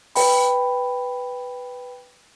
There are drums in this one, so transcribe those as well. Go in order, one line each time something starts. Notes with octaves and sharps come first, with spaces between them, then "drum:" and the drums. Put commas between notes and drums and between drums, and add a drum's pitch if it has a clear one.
B4 G5 B5, drum: open hi-hat